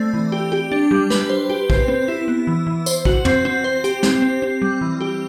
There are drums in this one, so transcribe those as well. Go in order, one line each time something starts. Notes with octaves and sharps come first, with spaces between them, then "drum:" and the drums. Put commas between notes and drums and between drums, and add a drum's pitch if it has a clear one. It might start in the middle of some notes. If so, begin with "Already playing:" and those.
Already playing: A3 C4 D5
E3
G4
G4
D4
G3
B4, drum: snare
C5
G4
C4, drum: kick
C4
E4
B3
E3
E3
C5, drum: tambourine
F#4, drum: kick
C4, drum: tom
C4
C5
G4, drum: hi-hat
C4, drum: snare
C4
C4
G3
E3
G4